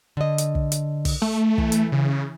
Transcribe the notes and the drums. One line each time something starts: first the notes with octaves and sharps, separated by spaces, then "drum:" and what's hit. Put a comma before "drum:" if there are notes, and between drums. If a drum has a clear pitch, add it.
D3 D#5
drum: hi-hat
drum: kick
drum: hi-hat
drum: kick, open hi-hat
A3
E3, drum: kick
drum: hi-hat
C#3